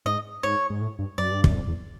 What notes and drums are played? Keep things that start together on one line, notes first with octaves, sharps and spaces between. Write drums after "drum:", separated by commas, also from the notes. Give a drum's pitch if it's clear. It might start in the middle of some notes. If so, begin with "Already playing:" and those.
G#2 D#5
G#2 C#5
G#2
A2
G2
F#2 D5
G2
F#2, drum: kick
F2
E2